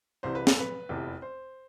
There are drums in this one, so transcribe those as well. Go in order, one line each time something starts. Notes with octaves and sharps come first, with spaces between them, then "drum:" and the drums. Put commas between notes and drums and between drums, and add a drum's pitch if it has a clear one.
C2 C3 E3 C5
B4
A4, drum: snare
B4
F1 E2 C3 E3
C5